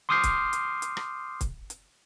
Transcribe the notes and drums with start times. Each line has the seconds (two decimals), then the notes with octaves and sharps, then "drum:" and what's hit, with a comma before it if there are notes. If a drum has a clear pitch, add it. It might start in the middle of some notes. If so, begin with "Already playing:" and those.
0.09 C6 D6 D#6 F6 G6 C7
0.23 drum: kick C#1, hi-hat
0.53 drum: hi-hat
0.82 drum: hi-hat
0.97 drum: rim click
1.41 drum: kick C#1, hi-hat
1.70 drum: hi-hat